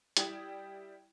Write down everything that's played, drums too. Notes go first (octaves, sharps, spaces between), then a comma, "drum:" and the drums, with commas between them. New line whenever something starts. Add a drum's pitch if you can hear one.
G3 E4 G4 G5 D#6 G#6, drum: hi-hat